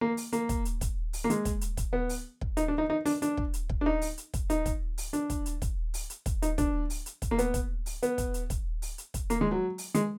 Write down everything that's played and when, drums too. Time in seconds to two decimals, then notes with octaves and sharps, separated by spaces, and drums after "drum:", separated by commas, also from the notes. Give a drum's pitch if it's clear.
0.01 A#3
0.17 drum: open hi-hat
0.33 A#3, drum: hi-hat
0.49 drum: kick, hi-hat
0.65 drum: hi-hat
0.81 drum: kick, hi-hat
1.13 drum: open hi-hat
1.24 A#3
1.30 G#3, drum: hi-hat
1.45 drum: kick, hi-hat
1.61 drum: hi-hat
1.77 drum: kick, hi-hat
1.93 B3
2.09 drum: open hi-hat
2.41 drum: kick
2.57 D#4, drum: hi-hat
2.68 D4
2.78 D#4
2.90 D#4
3.06 D4, drum: open hi-hat
3.22 D4, drum: hi-hat
3.37 drum: kick
3.54 drum: hi-hat
3.70 drum: kick
3.81 D4
3.86 D#4
4.02 drum: open hi-hat
4.18 drum: hi-hat
4.34 drum: kick, hi-hat
4.50 D#4, drum: hi-hat
4.66 drum: kick, hi-hat
4.98 drum: open hi-hat
5.13 D4, drum: hi-hat
5.30 drum: kick, hi-hat
5.46 drum: hi-hat
5.62 drum: kick, hi-hat
5.94 drum: open hi-hat
6.10 drum: hi-hat
6.26 drum: kick, hi-hat
6.42 D#4, drum: hi-hat
6.58 D4, drum: kick, hi-hat
6.90 drum: open hi-hat
7.06 drum: hi-hat
7.22 drum: kick, hi-hat
7.31 A#3
7.38 B3, drum: hi-hat
7.54 drum: kick, hi-hat
7.86 drum: open hi-hat
8.03 B3, drum: hi-hat
8.18 drum: kick, hi-hat
8.34 drum: hi-hat
8.50 drum: kick, hi-hat
8.82 drum: open hi-hat
8.98 drum: hi-hat
9.14 drum: kick, hi-hat
9.30 A#3, drum: hi-hat
9.41 G#3
9.51 F#3
9.78 drum: open hi-hat
9.95 G#3, drum: hi-hat